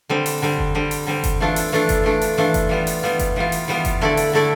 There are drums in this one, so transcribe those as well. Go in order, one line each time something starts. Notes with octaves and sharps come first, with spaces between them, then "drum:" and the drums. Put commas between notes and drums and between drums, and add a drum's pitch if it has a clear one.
D3 G3 C4
drum: open hi-hat
D3 G3 C4
drum: kick F#1
D3 G3 C4
drum: open hi-hat
D3 G3 C4
drum: kick F#1, hi-hat
E3 A3 D4 F4 A4
drum: open hi-hat
E3 A3 D4 F4 A4
drum: kick F#1, hi-hat
E3 A3 D4 F4 A4
drum: open hi-hat
E3 A3 D4 F4 A4
drum: kick F#1, hi-hat
E3 G3 B3 F4
drum: open hi-hat
E3 G3 B3 F4
drum: kick F#1, hi-hat
E3 G3 B3 F4
drum: open hi-hat
E3 G3 B3 F4
drum: kick F#1, hi-hat
D3 A3 E4 A4 D5
drum: open hi-hat
D3 A3 E4 A4 D5